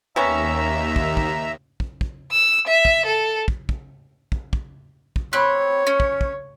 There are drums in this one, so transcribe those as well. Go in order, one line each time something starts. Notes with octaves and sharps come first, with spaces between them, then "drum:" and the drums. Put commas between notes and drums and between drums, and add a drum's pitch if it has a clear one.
D#2 C3 B3 C#4 E5 A#5 E6
drum: kick
drum: kick
drum: kick
drum: kick
E6
E5
drum: kick
A4
drum: kick
drum: kick
drum: kick
drum: kick
drum: kick
C4 C#5 B5 F#6
C#4
drum: kick
drum: kick